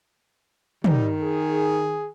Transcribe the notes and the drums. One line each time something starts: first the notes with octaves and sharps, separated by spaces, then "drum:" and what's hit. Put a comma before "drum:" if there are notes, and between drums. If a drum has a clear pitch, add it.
D#3 G3 D#4, drum: tom
G#4